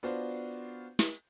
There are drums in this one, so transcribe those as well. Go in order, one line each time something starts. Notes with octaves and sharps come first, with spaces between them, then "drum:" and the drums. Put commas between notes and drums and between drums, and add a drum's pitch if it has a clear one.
B3 D4 F4 F#4 C5
drum: snare